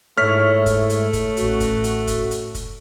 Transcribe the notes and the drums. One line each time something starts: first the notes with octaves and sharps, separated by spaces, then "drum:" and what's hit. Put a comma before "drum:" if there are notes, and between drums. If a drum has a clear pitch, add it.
G#2 A3 E4 C#5 F6 B6
drum: kick, hi-hat
drum: hi-hat
drum: kick, hi-hat
A1 F#4, drum: hi-hat
drum: kick, hi-hat
drum: hi-hat
drum: kick, hi-hat
drum: hi-hat
drum: kick, hi-hat